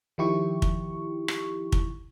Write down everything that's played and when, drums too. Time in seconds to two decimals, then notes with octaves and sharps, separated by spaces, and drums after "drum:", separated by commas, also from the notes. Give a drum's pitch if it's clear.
0.18 D#3 F3 E4 G4 C#6
0.62 drum: kick
1.28 drum: rim click
1.72 drum: kick